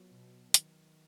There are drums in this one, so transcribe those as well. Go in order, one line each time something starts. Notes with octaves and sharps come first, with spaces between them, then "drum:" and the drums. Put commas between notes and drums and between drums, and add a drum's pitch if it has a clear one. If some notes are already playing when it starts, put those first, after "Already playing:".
Already playing: F#3 B3 F4 B4
B2
D#3, drum: hi-hat